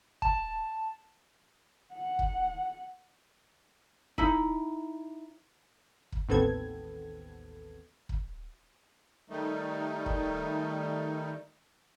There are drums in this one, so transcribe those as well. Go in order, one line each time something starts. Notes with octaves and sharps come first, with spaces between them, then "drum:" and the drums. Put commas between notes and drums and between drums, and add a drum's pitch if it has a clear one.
A5, drum: kick
F#5
drum: kick
D#4 E4, drum: kick
drum: kick
A1 D#2 B3 C4 A4 G#6
drum: kick
D#3 G3 A3 D#4
drum: kick